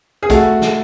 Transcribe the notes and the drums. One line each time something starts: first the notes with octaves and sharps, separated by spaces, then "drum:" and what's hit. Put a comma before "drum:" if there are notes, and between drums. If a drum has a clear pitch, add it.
G#4
A3 F#4, drum: kick, hi-hat
drum: snare